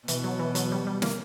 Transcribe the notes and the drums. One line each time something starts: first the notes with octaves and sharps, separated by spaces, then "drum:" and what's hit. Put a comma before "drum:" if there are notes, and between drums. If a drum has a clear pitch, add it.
B2 E3, drum: hi-hat
F#3
E3
F#3, drum: hi-hat
G3
G3
A#3, drum: snare